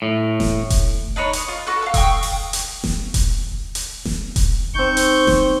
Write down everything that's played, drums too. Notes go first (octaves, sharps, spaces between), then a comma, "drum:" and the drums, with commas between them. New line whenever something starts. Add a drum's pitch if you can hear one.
A2
drum: snare E1
drum: kick E1, hi-hat
D4 D#4 B4 C#5
D#6, drum: hi-hat
F4
F#4 A4 B4
A4 F5
G5 C#6 D#6 E6, drum: kick E1, hi-hat
drum: open hi-hat
drum: hi-hat
drum: snare E1
drum: kick E1, hi-hat
drum: hi-hat
drum: snare E1
drum: kick E1, hi-hat
D#3 C4 C#6 G6
drum: hi-hat
drum: snare E1